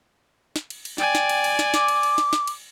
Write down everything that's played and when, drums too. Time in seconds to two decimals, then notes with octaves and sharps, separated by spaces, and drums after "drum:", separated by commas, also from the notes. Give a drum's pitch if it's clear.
0.56 drum: snare
0.70 drum: cymbal
0.85 drum: cymbal
0.98 D5 G5 G#5, drum: snare
1.15 drum: snare
1.29 drum: cymbal
1.44 drum: cymbal
1.59 drum: snare
1.74 D6, drum: snare
1.88 drum: cymbal
2.03 drum: cymbal
2.18 drum: snare
2.33 drum: snare
2.47 drum: cymbal